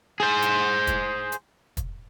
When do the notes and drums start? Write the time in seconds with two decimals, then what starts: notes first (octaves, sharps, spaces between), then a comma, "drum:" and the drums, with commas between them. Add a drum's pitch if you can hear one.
0.20 G#4 C5
0.42 drum: hi-hat
0.87 drum: kick, hi-hat
1.32 drum: hi-hat
1.77 drum: kick, hi-hat